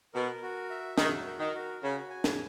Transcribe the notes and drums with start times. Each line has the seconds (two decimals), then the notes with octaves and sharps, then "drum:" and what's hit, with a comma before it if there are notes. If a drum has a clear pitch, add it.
0.14 B2 A#4
0.43 F#4
0.70 E5
0.98 D#3 F#4, drum: snare
1.27 A#4
1.40 D#3
1.54 F#4
1.82 C#3 F#4
2.10 G#5
2.24 drum: snare